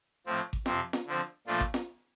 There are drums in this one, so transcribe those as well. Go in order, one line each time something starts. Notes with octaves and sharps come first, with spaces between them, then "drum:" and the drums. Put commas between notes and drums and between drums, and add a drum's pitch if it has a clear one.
A2 F3 C4
drum: kick G#1
F2 C3 F3 C4, drum: snare F4
drum: snare F4
D3 F3 C4
A#2 F3 A3 D4 F4
drum: kick G#1
drum: snare F4